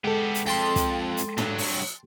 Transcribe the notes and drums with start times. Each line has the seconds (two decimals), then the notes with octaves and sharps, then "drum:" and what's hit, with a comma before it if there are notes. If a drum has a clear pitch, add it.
0.04 G#3 B3 G4 A4
0.34 drum: hi-hat
0.46 F2 G5 A5 C6
0.76 drum: kick, hi-hat
1.17 drum: hi-hat
1.38 G2 F#3, drum: tom
1.58 drum: open hi-hat